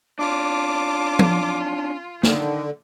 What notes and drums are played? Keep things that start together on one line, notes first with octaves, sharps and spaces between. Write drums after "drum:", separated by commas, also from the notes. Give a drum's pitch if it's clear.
C#4 D4 F4 A5 D6
drum: tom F3
D3 D#3, drum: snare